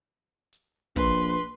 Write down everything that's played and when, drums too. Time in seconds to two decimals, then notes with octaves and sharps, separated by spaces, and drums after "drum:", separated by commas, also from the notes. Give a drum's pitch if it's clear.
0.53 drum: hi-hat
0.96 A#1 B4 C6, drum: kick